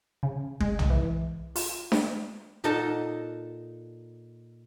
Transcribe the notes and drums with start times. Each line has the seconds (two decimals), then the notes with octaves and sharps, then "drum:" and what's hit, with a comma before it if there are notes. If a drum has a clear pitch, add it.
0.23 C#3
0.60 G#3, drum: kick G1
0.79 drum: tom B1
0.90 E3
1.56 F4, drum: open hi-hat
1.92 drum: snare D4
2.64 A#2 D#4 A4 D#5 F#5 A5